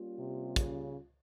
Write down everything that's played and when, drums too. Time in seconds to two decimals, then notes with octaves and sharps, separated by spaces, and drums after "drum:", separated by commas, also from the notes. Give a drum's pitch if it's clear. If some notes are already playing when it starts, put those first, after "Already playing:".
Already playing: G3 A#3 C#4 F4
0.18 C3
0.56 C#3, drum: kick, hi-hat